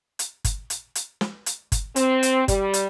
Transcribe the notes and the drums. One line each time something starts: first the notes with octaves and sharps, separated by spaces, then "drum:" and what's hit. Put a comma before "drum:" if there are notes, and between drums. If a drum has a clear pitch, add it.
drum: hi-hat
drum: kick G1, hi-hat
drum: hi-hat
drum: hi-hat
drum: snare
drum: hi-hat
drum: kick G1, hi-hat
C4, drum: hi-hat
drum: hi-hat
G3, drum: kick G1, hi-hat
drum: hi-hat